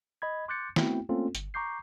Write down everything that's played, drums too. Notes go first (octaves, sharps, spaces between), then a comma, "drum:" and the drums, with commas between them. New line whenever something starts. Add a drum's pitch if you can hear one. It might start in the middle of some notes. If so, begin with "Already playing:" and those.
D#5 B5 G#6
C6 D6 F#6 G6 A6 C#7
A3 B3 C4 E4 F#4 G5, drum: snare
A3 A#3 C4 C#4 F4 A4
G1, drum: hi-hat
A#5 C#6 D6 G6 C7